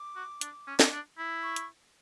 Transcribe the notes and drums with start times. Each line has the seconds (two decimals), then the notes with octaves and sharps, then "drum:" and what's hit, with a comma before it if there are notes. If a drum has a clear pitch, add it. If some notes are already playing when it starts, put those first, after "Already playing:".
Already playing: D6
0.16 F#4
0.41 D4, drum: hi-hat
0.67 C#4
0.80 drum: snare
0.92 D4
1.18 E4
1.43 C#6
1.56 drum: hi-hat